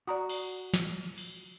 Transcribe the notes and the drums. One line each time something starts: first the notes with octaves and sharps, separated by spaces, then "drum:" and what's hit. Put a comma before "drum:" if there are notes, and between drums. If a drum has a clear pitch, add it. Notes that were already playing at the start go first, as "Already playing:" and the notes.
F#4 D5 A#5 D#6
drum: cymbal
drum: snare
drum: cymbal